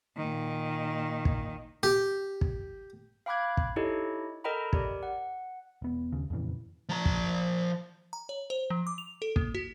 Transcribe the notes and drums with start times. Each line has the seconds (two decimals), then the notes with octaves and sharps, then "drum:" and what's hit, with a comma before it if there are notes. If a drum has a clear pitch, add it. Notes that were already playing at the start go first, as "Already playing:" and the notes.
0.17 A#2 D#3
1.25 drum: kick
1.83 G4
2.41 drum: kick
3.26 F5 G5 B5 D6 F#6 G#6
3.57 drum: kick
3.76 D#4 E4 G4 A4 C#5 D#5
4.44 A4 A#4 D#5 G5 A#5 B5
4.73 G4 A#4 D5, drum: kick
5.03 F#5
5.82 E1 B3
6.13 D#2 C#3
6.30 F2 A#2 C#3 E3
6.89 F3 A#5
7.05 drum: kick
8.13 A#5
8.29 C#5
8.50 C5
8.70 F3
8.87 D6
8.98 F7
9.22 A4
9.36 A#3, drum: kick
9.55 F#4